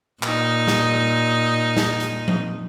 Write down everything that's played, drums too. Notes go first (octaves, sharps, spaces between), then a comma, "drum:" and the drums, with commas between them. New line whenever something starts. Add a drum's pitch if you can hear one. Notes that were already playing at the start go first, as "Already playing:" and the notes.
A#2 D#4, drum: clap
drum: snare
drum: snare
drum: hi-hat
drum: tom F3